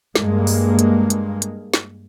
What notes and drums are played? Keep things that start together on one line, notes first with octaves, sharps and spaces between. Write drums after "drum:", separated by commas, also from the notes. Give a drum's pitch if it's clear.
G2 G#3 A#3, drum: snare
drum: open hi-hat
drum: hi-hat
drum: hi-hat
drum: hi-hat
drum: snare